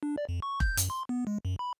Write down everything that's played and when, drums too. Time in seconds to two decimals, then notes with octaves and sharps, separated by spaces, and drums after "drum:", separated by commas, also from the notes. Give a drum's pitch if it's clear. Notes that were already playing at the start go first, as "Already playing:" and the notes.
0.03 D4
0.18 D5
0.29 F2
0.42 C#6
0.60 G6, drum: kick F1
0.77 F#2, drum: hi-hat
0.90 C6
1.09 B3
1.27 G#3
1.45 F#2
1.59 B5